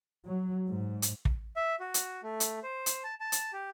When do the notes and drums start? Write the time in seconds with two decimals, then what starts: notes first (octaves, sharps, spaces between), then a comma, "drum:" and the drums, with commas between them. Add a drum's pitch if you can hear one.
0.25 F#3
0.69 G#2
1.02 drum: hi-hat
1.25 drum: kick
1.56 E5
1.80 F#4
1.94 drum: hi-hat
2.23 A3
2.40 drum: hi-hat
2.63 C5
2.86 drum: hi-hat
3.04 A5
3.20 A5
3.32 drum: hi-hat
3.53 G4